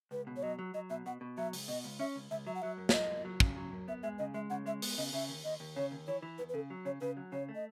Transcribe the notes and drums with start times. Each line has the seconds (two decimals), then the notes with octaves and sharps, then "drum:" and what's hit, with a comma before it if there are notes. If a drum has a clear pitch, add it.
0.11 C#2 B4
0.27 B2
0.37 C#5
0.43 F#3 D#5
0.59 F#3
0.74 F#3 D#5
0.90 B2 E5
1.06 B2 F#5
1.21 B2
1.38 F#3 E5
1.53 C#2, drum: open hi-hat
1.68 B2 D#5
1.84 C#2
1.99 C#4 E5
2.16 C#2
2.31 C#2 E5
2.47 F#3 E5
2.55 F#5
2.62 F#3 E5
2.78 F#2
2.89 C#5, drum: snare
2.94 F#2 D#5
3.09 F#2
3.25 F#3
3.40 C#3, drum: kick
3.56 F#3
3.73 F#2
3.88 B3 E5
4.03 G#3 E5
4.19 C#3 D#5
4.34 G#3 E5
4.50 C#3 F#5
4.66 G#3 E5
4.82 B3, drum: open hi-hat
4.98 C#3 D#5
5.13 C#3 E5
5.29 D#2
5.44 D#2 D#5
5.60 D#2
5.76 C#3 C#5
5.91 D#2
6.07 E3 C#5
6.22 E3
6.38 E2 B4
6.49 B4
6.54 C#3 A4
6.70 F#3
6.85 C#3 C#5
7.01 C#3 B4
7.17 F#3
7.32 C#3 C#5
7.49 A3
7.55 D#5